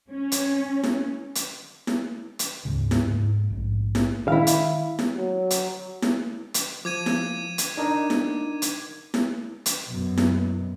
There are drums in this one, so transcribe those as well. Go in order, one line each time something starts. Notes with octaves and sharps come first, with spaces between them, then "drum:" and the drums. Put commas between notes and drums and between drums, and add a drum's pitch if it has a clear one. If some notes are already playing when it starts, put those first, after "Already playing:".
C#4
drum: hi-hat
drum: snare E4
drum: hi-hat
drum: snare E4
drum: hi-hat
D2 G#2 C#3
drum: snare E4
G#2
A#1 G#2
drum: snare E4
D#3 E4 F5
drum: hi-hat
drum: snare E4
F#3
drum: hi-hat
drum: snare E4
drum: hi-hat
F3 D6 G#6 D#7
drum: snare E4
drum: hi-hat
D4 D#4 A#4
drum: snare E4
drum: hi-hat
drum: snare E4
drum: hi-hat
F#2 B2
drum: snare E4